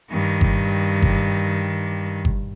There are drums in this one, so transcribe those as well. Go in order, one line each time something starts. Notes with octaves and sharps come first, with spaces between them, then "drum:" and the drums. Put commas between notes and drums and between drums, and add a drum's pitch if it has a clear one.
G2 D#3
drum: kick G1
drum: kick G1
drum: kick G1